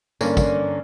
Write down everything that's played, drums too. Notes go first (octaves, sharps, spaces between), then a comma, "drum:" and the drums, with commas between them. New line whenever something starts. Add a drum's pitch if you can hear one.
G2 D3 A#3 C#4, drum: tambourine
drum: kick, tambourine